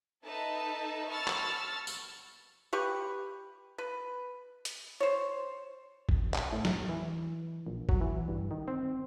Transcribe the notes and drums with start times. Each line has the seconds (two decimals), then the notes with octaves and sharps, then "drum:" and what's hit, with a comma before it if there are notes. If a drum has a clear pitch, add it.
0.24 D#4 A4 B4 E5 A5
1.08 A5 B5 C#6 E6 F6 A6
1.28 drum: clap
1.87 drum: tambourine
2.73 G4 B4 C#6
3.78 B4
4.65 drum: hi-hat
5.00 C5 C#5
6.09 drum: kick
6.34 drum: clap
6.52 A2
6.65 E2, drum: snare
6.89 E3
7.66 A#1
7.89 F#3, drum: kick
8.01 E3
8.28 G2
8.51 D#3
8.68 C4